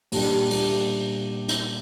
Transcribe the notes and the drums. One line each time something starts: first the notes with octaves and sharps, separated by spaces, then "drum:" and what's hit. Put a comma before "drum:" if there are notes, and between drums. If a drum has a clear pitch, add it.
A#2 G3 D4 G4, drum: open hi-hat
A#2 G3 D4 G4, drum: open hi-hat
drum: hi-hat